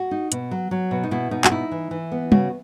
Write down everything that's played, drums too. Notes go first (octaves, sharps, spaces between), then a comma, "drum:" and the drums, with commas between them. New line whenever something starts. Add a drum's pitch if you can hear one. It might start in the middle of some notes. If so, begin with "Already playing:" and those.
Already playing: F#4
D#4
B2, drum: hi-hat
F#3
F#3
B2
D#4
B2 E4
B2 D#4
F#4, drum: clap
D#4 E4
E3
E3
B3
C#3 F#4, drum: tom